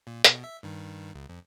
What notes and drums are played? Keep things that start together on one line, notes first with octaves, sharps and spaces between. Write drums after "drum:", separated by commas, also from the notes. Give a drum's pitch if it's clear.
A#2
B2, drum: hi-hat
E5
G2 D#3
C#2
F2